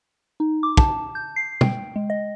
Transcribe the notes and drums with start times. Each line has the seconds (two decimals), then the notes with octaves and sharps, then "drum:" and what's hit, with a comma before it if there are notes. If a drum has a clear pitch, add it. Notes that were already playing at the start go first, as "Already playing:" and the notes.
0.40 D#4
0.63 D6
0.77 A5, drum: kick
1.15 G6
1.36 C7
1.61 G5, drum: tom
1.96 G#3
2.10 D#5